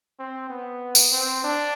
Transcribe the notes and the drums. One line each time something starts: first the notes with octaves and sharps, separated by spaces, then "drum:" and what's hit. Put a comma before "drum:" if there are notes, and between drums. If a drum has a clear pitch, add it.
C4
B3
drum: tambourine
C4
D4